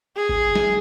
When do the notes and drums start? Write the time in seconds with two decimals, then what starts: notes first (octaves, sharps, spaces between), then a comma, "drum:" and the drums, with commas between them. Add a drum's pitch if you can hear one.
0.16 G#4
0.29 drum: kick G1
0.55 drum: snare